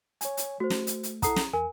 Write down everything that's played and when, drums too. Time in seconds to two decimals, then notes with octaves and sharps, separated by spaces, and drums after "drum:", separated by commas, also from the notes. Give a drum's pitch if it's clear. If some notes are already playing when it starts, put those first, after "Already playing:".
0.21 C#5 G#5, drum: hi-hat
0.37 drum: hi-hat
0.60 A3 F#4 C5
0.70 drum: snare
0.87 drum: hi-hat
1.03 drum: hi-hat
1.22 E4 A4 F#5 A#5 D#6 C7, drum: kick, hi-hat
1.36 drum: snare
1.53 E2 A#4 G#5